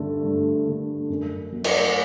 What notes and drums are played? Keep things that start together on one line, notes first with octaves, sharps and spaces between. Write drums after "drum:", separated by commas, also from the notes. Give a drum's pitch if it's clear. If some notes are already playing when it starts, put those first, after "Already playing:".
Already playing: G2 D3 A3
G2
D3 A3
F#2
F#3 A3
drum: cymbal